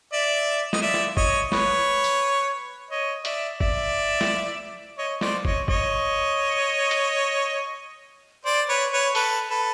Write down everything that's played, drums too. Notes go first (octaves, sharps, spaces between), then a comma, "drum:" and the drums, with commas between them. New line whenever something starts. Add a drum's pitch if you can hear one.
D5 E5
D#5, drum: snare
D5 E5
drum: snare
C#5 D#5, drum: kick
B4 C#5, drum: snare
drum: tambourine
C#5 D#5
D5 E5, drum: hi-hat
D5 E5, drum: kick
drum: snare
C#5 D#5
C5 D5, drum: snare
C#5 D#5, drum: kick
C#5 D#5, drum: kick
drum: hi-hat
C5 D5
B4 C#5
B4 C#5
A4 B4, drum: open hi-hat
A4 B4